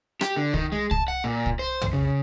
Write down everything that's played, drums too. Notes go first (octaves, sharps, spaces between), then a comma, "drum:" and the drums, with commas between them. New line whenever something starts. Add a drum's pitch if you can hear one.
G4, drum: rim click
D3
D#3, drum: kick C2
G#3
A5, drum: kick C2
F#5
A#2
drum: kick C2
C5
drum: tom
C#3